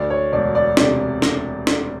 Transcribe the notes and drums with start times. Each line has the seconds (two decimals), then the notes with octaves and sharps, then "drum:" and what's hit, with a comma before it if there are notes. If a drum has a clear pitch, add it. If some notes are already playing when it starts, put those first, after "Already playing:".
Already playing: D2 D5
0.10 C#5
0.33 E1 D5
0.55 D5
0.77 C3 D5, drum: snare
1.22 drum: snare
1.67 drum: snare